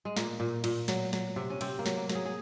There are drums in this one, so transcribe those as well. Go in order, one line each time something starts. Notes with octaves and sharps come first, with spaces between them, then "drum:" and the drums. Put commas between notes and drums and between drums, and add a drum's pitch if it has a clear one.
G#3
A#2 A#3, drum: snare
A#2
A#2, drum: cymbal
F#3, drum: snare
F#3, drum: snare
C3
C#4
C3 C4, drum: cymbal
A#3
F#3, drum: snare
A#3
F#3, drum: snare
G#4
G#4